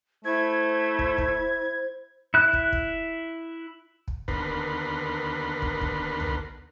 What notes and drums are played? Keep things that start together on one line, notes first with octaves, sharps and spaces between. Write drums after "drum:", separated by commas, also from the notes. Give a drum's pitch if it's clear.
A3 E4 C5 G#6
drum: kick
drum: kick
E4 F#6
drum: kick
drum: kick
drum: kick
D#2 D3 B3 A#4 B4 C6, drum: kick
drum: kick
drum: kick
drum: tom